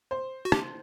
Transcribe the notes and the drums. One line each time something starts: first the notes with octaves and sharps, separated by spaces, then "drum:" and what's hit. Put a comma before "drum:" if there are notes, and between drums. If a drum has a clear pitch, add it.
C5
F#4
G4, drum: rim click